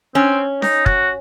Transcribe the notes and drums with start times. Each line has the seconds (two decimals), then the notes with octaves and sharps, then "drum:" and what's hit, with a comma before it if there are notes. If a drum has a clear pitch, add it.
0.15 C4 C#4
0.62 D#4, drum: snare C#4
0.86 F#4, drum: kick